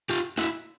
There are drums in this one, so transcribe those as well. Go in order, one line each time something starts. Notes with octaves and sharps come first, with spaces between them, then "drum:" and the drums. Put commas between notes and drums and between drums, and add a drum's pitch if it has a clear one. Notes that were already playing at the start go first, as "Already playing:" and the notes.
F4 G4
E4 F#4, drum: snare